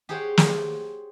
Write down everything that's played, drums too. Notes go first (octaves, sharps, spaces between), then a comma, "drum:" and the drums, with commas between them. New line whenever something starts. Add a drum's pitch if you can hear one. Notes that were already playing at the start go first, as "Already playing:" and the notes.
G4 G#4 C5 C#5 F#5 G5
drum: snare